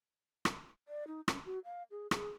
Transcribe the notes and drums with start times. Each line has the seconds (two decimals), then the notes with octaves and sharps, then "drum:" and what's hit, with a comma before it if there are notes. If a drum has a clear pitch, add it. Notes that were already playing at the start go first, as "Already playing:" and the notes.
0.45 drum: rim click
0.88 D5
1.07 D#4
1.28 C#4, drum: rim click
1.45 F#4
1.65 F5
1.91 G#4
2.11 G#4, drum: rim click